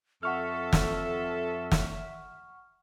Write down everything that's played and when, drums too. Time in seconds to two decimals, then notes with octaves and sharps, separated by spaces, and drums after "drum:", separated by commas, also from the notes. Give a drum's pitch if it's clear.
0.23 F2 A4 E5 F#5 C#6 F6
0.73 drum: snare
1.72 drum: snare